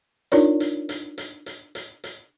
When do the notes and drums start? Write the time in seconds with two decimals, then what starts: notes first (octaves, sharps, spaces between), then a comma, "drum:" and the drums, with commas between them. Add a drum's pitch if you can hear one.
0.32 D4 D#4 F4 A#4 C#5 D5, drum: hi-hat
0.60 drum: hi-hat
0.89 drum: hi-hat
1.18 drum: hi-hat
1.46 drum: hi-hat
1.75 drum: hi-hat
2.04 drum: hi-hat